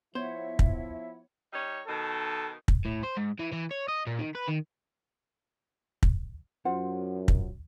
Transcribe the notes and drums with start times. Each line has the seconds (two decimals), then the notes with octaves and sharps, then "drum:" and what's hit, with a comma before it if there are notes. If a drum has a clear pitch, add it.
0.15 F3 B3 E4 C5 C#5 E5
0.59 drum: kick
1.53 G3 D#4 C#5
1.88 B2 D#3 A4
2.68 drum: kick
2.85 A2
3.03 C5
3.17 G#2
3.39 E3
3.52 E3
3.71 C#5
3.88 D#5
4.07 A#2
4.19 D#3
4.35 B4
4.48 D#3
6.03 drum: kick
6.65 F#2 F4 C5 F#5
7.28 drum: kick